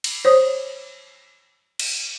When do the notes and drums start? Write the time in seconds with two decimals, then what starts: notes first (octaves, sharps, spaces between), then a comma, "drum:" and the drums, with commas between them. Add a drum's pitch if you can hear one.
0.04 drum: cymbal
0.25 C5 C#5 D#6
1.79 drum: cymbal